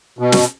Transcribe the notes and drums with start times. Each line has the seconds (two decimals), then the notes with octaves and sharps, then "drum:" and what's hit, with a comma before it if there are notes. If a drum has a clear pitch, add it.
0.19 B2
0.32 drum: snare